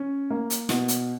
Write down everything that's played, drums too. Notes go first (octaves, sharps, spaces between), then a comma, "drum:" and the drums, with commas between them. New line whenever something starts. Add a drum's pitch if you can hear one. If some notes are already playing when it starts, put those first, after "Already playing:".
Already playing: C#4
A#3
drum: hi-hat
B2, drum: snare
drum: hi-hat